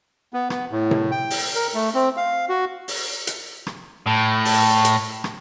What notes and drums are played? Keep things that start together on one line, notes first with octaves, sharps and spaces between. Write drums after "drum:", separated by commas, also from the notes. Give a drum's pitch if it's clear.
B3
B3, drum: rim click
A2
drum: tom C3
G5
drum: open hi-hat
A#4
A3
C4
F5
F#4
drum: open hi-hat
drum: hi-hat
drum: rim click
A2
drum: open hi-hat
drum: hi-hat
drum: rim click